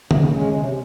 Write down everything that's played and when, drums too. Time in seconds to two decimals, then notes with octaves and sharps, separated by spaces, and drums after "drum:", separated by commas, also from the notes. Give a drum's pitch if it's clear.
0.11 C#3, drum: tom D3
0.32 G#3 C#4
0.53 C3